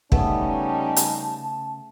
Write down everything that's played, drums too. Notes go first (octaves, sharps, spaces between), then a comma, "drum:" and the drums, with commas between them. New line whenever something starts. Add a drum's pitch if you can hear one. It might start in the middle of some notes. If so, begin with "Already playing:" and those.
C#3 G3 A3 B3 C#4 D#4 A5, drum: kick
drum: hi-hat